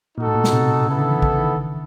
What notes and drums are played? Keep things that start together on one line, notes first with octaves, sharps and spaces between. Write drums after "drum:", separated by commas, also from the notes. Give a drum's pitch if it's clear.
A#2 D#4 F#4 A4
A2
A#2
B2, drum: snare
C3
C#3 B3 E4 A4
D3
E3
E3, drum: kick A#1
D#3